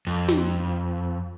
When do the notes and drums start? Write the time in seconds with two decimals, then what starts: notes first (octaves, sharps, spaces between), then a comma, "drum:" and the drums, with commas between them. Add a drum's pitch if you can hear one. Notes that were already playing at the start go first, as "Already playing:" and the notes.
0.07 F2
0.28 drum: snare